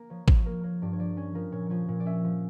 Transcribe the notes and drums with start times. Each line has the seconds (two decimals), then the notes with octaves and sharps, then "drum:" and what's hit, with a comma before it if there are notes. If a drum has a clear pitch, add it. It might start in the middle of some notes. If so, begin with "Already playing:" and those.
Already playing: A#3 A#5
0.10 F3 C#5
0.28 F3 C#5, drum: kick
0.45 A#3 A#4
0.63 A#3 C#5
0.82 G2 D5
0.93 C#5
0.99 F3 D5
1.17 C#4 C#5
1.35 F3 A#4
1.52 A#2 C#5
1.70 F3 C#5
1.88 A#2
2.00 D5
2.05 C#4 E5
2.24 F3